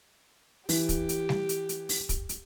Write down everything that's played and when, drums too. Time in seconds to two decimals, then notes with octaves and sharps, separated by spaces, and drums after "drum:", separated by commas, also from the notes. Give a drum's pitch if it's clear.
0.69 E3 G4, drum: open hi-hat
0.89 drum: kick, hi-hat
1.09 drum: hi-hat
1.29 drum: snare G3
1.49 drum: hi-hat
1.69 drum: hi-hat
1.89 drum: open hi-hat
2.09 drum: kick, hi-hat
2.29 drum: hi-hat